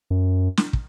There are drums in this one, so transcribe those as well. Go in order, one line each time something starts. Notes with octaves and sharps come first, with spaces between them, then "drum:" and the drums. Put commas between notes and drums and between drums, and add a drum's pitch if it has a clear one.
F#2
drum: snare
drum: kick